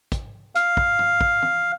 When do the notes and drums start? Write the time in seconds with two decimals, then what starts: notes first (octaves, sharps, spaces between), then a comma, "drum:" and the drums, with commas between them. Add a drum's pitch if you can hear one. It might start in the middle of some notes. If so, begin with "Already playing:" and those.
0.12 drum: kick, hi-hat
0.55 F5, drum: hi-hat
0.77 drum: kick
0.99 drum: tom G2
1.21 drum: kick
1.42 drum: tom